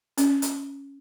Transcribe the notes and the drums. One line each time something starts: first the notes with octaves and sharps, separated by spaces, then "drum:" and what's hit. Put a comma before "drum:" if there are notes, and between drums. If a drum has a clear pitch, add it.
C#4, drum: hi-hat
drum: hi-hat